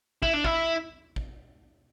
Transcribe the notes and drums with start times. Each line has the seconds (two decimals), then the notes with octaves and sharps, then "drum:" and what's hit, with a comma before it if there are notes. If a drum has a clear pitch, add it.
0.23 E4, drum: kick
0.34 D4
0.45 E4, drum: kick
1.16 drum: kick